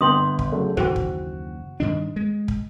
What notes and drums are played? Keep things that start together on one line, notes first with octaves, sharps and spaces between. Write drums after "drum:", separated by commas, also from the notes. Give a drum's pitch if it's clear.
G1 B3 G5 C6 D#6 G6
drum: kick
C#3 F#3 A3
F#1 D#2 E3 F#4 C5 G5, drum: kick
drum: kick
G2 D#3 D4 D#5
G#3
drum: kick